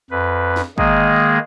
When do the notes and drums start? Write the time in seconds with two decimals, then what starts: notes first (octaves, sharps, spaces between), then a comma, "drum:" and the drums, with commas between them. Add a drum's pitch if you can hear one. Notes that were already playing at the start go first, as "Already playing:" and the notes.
0.11 F2 B4
0.56 drum: snare
0.78 D#3 G#3 A#3 G#4, drum: kick